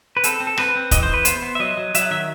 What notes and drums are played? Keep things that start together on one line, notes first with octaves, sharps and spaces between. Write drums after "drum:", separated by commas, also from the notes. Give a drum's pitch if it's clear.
B4
C4 A4, drum: hi-hat
C4
A4
C4 B4, drum: rim click
C4
E3 D#5, drum: kick, hi-hat
C5
E3 B4
B3 C5, drum: hi-hat
B3
E5
F#3 D#5
F#3
F#3 E5, drum: hi-hat
F#5
D#3 E5